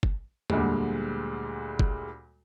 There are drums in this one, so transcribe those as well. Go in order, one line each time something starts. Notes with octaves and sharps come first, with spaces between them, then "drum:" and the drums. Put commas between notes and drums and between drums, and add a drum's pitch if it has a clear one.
drum: kick
D2 A#2 D3 G3 G#3, drum: tom E2
drum: kick